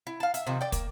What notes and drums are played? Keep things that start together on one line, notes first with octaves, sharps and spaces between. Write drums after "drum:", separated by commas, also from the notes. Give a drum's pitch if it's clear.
E4
F5 A5
E5, drum: hi-hat
C3 D#3 F3
D5 G5
A#3, drum: kick, hi-hat